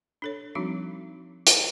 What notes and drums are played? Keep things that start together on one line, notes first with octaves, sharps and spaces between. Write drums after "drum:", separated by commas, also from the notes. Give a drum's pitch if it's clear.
D4 A4 C#5
F3 G3 C4 D4 D#4 F#4
drum: hi-hat